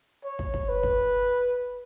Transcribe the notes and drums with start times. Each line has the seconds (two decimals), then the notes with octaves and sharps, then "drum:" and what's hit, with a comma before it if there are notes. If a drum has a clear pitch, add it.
0.25 C#5
0.39 drum: kick
0.54 drum: kick
0.69 B4
0.83 drum: kick